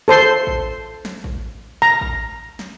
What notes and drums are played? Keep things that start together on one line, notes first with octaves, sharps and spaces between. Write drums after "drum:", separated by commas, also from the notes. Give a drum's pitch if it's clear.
A4 C5 C6
drum: kick A1
drum: snare
drum: kick A1
A#5
drum: kick A1
drum: snare